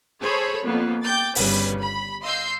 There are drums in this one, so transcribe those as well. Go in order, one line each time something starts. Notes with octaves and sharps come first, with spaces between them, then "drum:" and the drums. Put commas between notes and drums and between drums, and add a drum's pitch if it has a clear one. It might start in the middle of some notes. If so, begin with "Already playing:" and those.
G#4 A4 C5 C#5 B5
F2 A#3 B3
G5 D6 G6 A6
G1 C#3 G3 B4, drum: open hi-hat
B5
D#5 F5 C6 E6 G6 C7